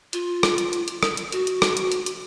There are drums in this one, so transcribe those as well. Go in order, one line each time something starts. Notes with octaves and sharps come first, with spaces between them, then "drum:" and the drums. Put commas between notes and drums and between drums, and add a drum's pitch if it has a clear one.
F4, drum: hi-hat
drum: rim click
drum: hi-hat
drum: hi-hat
drum: hi-hat
drum: rim click
drum: hi-hat
F#4, drum: hi-hat
drum: hi-hat
drum: rim click
drum: hi-hat
drum: hi-hat
drum: hi-hat